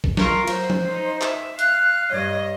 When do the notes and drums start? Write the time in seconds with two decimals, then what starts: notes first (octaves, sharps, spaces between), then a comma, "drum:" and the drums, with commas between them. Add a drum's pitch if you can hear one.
0.04 drum: kick
0.17 F4 A#4 C#6, drum: snare
0.48 F#3 C5, drum: cymbal
0.70 drum: tom F3
0.91 D#4
1.21 E5, drum: clap
1.59 F5 F#6, drum: hi-hat
2.10 G2 C#5 D#5